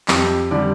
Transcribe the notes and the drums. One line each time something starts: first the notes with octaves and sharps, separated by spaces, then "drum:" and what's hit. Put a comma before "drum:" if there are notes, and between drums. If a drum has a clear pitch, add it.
F2 G4, drum: clap
D3 G3 D5